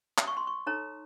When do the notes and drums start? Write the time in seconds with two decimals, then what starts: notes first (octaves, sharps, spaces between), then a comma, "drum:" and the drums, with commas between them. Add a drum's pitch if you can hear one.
0.18 drum: clap
0.27 C#6
0.37 C6
0.47 C#6
0.67 D#4 A4 C#5 A#5